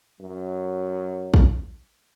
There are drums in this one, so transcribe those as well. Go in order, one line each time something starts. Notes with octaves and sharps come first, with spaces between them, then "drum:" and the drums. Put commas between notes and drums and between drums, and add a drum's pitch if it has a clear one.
F#2 F#3
drum: kick